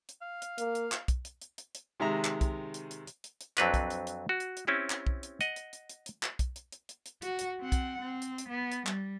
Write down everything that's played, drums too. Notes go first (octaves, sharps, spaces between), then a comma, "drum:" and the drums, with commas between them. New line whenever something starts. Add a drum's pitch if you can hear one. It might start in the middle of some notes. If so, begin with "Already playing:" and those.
drum: hi-hat
F5
drum: hi-hat
A#3, drum: hi-hat
drum: hi-hat
drum: clap
drum: kick, hi-hat
drum: hi-hat
drum: hi-hat
drum: hi-hat
drum: hi-hat
C3 D#3 G#3 E5 A#5
drum: clap
drum: kick, hi-hat
drum: hi-hat
drum: hi-hat
drum: hi-hat
drum: hi-hat
drum: hi-hat
F2 F#3 C4 D4 B4 A#5, drum: clap
drum: kick, hi-hat
drum: hi-hat
drum: hi-hat
F#4
drum: hi-hat
drum: hi-hat
C4 C#4 E4 G4
drum: clap
drum: kick
drum: hi-hat
D#5 F#5, drum: hi-hat
drum: hi-hat
drum: hi-hat
drum: hi-hat
drum: hi-hat
drum: clap
drum: kick, hi-hat
drum: hi-hat
drum: hi-hat
drum: hi-hat
drum: hi-hat
F#4, drum: hi-hat
drum: hi-hat
C4 F#5
drum: kick, hi-hat
C4
drum: hi-hat
drum: hi-hat
B3
drum: hi-hat
G3, drum: clap